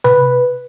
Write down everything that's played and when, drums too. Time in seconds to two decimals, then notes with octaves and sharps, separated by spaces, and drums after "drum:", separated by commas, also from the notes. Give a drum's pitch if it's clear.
0.04 B4, drum: tom C3